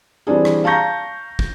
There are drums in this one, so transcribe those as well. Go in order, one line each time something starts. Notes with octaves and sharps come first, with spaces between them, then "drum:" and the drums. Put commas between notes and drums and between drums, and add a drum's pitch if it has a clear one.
E3 G3 C4 D4 G#4
drum: rim click
F5 A5 A#5 C#6 G6 A#6
drum: kick